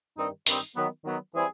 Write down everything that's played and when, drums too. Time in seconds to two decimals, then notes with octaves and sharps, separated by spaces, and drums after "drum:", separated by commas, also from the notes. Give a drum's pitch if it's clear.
0.17 G2 D#3 G3 C4 D#4
0.47 G2 D#3 G3 C4 D#4, drum: open hi-hat
0.76 D#3 F#3 B3
1.04 D#3 F#3 B3
1.33 E3 G3 C4 E4 G#4